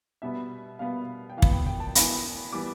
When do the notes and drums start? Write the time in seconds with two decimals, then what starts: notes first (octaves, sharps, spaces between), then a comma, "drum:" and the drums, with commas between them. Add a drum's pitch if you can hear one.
0.22 B2 G3 B3 E5
0.79 B2 G3 B3 F5
1.30 G5
1.37 E3 F5
1.42 B3, drum: kick
1.52 G5
1.66 G5
1.80 A5
1.95 E3 B3 B5, drum: hi-hat
2.53 E3 G3 B3 D6